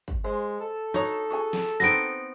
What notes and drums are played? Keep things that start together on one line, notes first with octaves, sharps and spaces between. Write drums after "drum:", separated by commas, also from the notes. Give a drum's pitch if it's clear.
drum: kick
G#3 C5
A4
D#4 F#4 C#5
F#4 G#4 G#5
drum: snare
B3 C4 D#4 A#6 D7